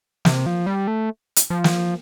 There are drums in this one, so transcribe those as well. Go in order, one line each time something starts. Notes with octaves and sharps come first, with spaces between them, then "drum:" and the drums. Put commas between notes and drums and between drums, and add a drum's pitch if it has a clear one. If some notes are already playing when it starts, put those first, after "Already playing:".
C3, drum: snare
F3
G3
A3
drum: hi-hat
F3
drum: snare